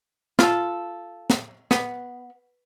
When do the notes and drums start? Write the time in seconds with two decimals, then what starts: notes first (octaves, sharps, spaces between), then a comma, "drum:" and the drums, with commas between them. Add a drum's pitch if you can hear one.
0.39 F4 A4, drum: snare
1.30 drum: snare
1.71 B3, drum: snare